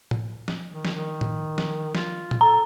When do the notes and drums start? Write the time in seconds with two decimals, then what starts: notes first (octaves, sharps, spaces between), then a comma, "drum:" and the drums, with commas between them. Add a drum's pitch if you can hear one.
0.11 drum: tom A2
0.48 drum: snare
0.71 D#3
0.85 drum: snare
0.95 D#3
1.21 drum: tom A2
1.58 drum: snare
1.95 F4, drum: snare
2.31 drum: tom A#2
2.41 A4 A#5